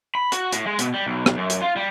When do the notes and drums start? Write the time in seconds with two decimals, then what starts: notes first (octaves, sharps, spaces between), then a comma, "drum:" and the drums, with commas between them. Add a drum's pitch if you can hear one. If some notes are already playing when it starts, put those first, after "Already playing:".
0.15 B5
0.32 F#4, drum: hi-hat
0.52 A2, drum: hi-hat
0.67 G#3
0.79 B2, drum: hi-hat
0.94 G3
1.07 B1
1.26 drum: rim click
1.37 F#2
1.50 drum: hi-hat
1.62 F4
1.76 G3